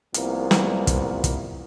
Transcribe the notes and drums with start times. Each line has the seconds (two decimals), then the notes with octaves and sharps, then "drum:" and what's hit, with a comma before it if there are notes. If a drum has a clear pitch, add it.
0.14 C2 F3 A#3 B3, drum: hi-hat
0.51 drum: snare
0.87 drum: kick, hi-hat
1.24 drum: kick, hi-hat